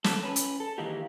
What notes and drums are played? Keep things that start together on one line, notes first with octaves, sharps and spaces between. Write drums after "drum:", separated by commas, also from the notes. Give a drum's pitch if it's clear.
A4, drum: snare
C#4 B4
drum: hi-hat
A4
D#3 E3 G#3 A#3 G4